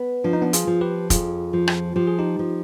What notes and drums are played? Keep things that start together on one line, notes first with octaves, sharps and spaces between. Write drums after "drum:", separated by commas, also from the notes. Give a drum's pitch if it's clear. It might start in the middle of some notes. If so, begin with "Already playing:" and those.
Already playing: B3
F3 D4
D#4
B3 D4
F4 G#4, drum: hi-hat
F3
G4 B4
F2 F4 G#4, drum: kick F1, hi-hat
F3
drum: rim click
F3 G4
G#4
D#4 G4
F3